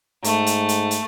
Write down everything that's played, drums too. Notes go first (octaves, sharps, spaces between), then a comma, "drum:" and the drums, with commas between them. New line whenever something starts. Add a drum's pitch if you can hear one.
G#2 A3, drum: hi-hat
drum: hi-hat
drum: hi-hat
drum: hi-hat